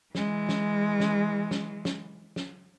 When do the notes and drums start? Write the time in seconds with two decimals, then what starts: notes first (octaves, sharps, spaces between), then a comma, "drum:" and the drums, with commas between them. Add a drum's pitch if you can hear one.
0.15 E3 G#3, drum: snare
0.49 drum: snare
1.00 drum: snare
1.51 drum: snare
1.85 drum: snare
2.36 drum: snare